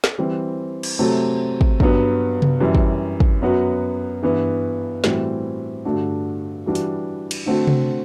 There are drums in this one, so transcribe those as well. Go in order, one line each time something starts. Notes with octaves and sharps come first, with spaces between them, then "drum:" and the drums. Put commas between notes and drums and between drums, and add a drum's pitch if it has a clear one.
drum: snare
E3 G3 C4
drum: cymbal
C3 F#3 A3 C4
drum: kick
G2 F#3 B3, drum: kick
drum: tom C3
F#2 E3 G3
drum: kick
drum: kick
F#2 F#3 B3 F#4
G2 E3 B3
A2 E3 G3 C4 F#4, drum: snare
G2 D3 A3 D4 F#4
E3 G3 D4 F#4
drum: hi-hat
drum: cymbal
D3 A3 C4 F#4
drum: tom C3